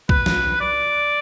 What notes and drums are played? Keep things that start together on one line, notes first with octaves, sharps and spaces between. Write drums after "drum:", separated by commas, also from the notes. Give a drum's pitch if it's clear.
B4, drum: kick
drum: snare
D5